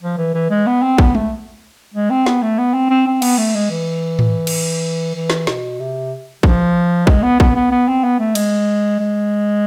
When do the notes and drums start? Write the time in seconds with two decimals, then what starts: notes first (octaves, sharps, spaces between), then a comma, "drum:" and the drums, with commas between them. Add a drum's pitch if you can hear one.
0.03 F3
0.17 E3
0.34 E3
0.50 G#3
0.67 B3
0.82 C4
0.98 B3, drum: kick A1
1.15 A3, drum: tom G#3
1.94 G#3
2.10 C4
2.26 B3, drum: snare
2.42 A3
2.58 B3
2.74 C4
2.90 C4
3.07 C4
3.22 B3, drum: cymbal
3.38 A3
3.55 G#3
3.71 E3
4.19 drum: tom A2
4.47 drum: cymbal
5.15 E3
5.30 drum: snare
5.47 B2, drum: snare
5.79 C3
6.43 F3, drum: kick A1
7.07 G#3, drum: kick A1
7.23 B3
7.40 B3, drum: kick A1
7.55 B3
7.71 B3
7.88 C4
8.04 B3
8.19 A3
8.35 G#3, drum: cymbal
9.00 G#3